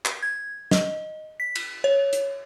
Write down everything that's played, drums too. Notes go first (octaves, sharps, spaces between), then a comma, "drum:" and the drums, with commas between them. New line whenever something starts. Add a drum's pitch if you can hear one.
drum: clap
G#6
D#5, drum: snare
B6
drum: cymbal
C#5
drum: hi-hat